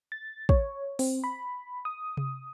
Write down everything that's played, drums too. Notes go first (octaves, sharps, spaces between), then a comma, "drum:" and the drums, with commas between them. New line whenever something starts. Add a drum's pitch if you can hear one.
A6
C#5, drum: kick
C4, drum: open hi-hat
B5
D#6
drum: tom C3